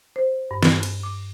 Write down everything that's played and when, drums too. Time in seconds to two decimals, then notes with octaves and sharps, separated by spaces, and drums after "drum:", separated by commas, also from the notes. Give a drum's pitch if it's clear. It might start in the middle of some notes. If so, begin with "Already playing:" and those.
0.16 C5
0.51 G2
0.63 drum: snare
0.83 drum: cymbal
1.03 D6